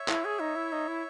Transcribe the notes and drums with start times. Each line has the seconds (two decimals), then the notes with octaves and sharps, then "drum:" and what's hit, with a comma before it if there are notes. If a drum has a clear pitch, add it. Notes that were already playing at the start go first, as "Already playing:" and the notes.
Already playing: C#5 E5
0.08 E4, drum: clap
0.25 G#4
0.40 D#4
0.56 E4
0.72 D#4
0.88 E4